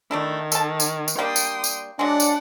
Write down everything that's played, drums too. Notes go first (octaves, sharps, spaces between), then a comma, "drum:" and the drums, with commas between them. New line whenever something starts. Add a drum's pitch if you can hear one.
D#3 A3 D4 E4
A4 A5, drum: tambourine
drum: tambourine
drum: tambourine
G3 A#3 D4 G5 C6 D#6
drum: tambourine
drum: tambourine
F#3 G#3 D4 D5 F#5
drum: tambourine